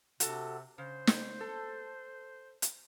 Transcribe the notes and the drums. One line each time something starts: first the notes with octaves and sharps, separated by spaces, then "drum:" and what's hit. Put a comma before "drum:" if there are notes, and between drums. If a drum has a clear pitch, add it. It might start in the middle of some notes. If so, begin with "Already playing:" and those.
C3 F#4 A4, drum: hi-hat
C#3 C5
drum: snare
A4
drum: hi-hat